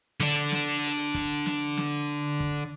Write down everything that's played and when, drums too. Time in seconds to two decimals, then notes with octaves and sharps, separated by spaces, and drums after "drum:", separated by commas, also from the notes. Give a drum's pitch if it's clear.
0.20 D3 D4, drum: snare
0.52 drum: snare
0.83 drum: open hi-hat
1.14 drum: kick, hi-hat
1.46 drum: snare
1.77 drum: snare
2.40 drum: kick